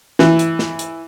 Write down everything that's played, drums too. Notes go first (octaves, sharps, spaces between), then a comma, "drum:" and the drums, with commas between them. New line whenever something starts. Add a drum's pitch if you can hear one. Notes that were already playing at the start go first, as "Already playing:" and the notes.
E3, drum: snare
drum: hi-hat
drum: snare
drum: hi-hat